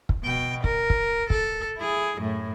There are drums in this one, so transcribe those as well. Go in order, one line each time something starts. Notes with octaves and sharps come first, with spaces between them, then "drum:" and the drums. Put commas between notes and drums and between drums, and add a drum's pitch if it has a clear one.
drum: kick
B2 G5
A#4, drum: kick
drum: kick
A4, drum: kick
E4 G#4
F#2 A2